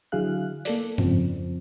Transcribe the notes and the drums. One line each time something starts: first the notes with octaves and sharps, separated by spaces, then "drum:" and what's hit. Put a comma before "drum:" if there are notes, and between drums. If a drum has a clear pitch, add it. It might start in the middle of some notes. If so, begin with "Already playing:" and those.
D3 F#3 E4 G#4 F5 F#6
A#3 A4 D5, drum: open hi-hat
F2 G#2 C#3 F3 C4, drum: tom G2